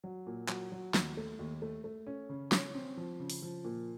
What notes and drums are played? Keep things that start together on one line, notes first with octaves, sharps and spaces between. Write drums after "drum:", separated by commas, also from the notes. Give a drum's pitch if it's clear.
F#3
A#2
F#3, drum: clap
F#3
D#2, drum: snare
A3
D#2
A3
A3
C#4
C#3
C#4, drum: snare
C4
F3
C#3
drum: open hi-hat
F3
A#2